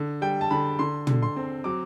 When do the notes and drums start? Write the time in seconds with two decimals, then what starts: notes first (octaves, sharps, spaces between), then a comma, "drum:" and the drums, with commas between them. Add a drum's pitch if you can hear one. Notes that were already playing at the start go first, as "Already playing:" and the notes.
Already playing: D3
0.21 G3 G5
0.41 A5
0.51 D3 B5
0.79 D3 C6
1.07 D3, drum: tom
1.22 C6
1.36 C4
1.64 F#3 D6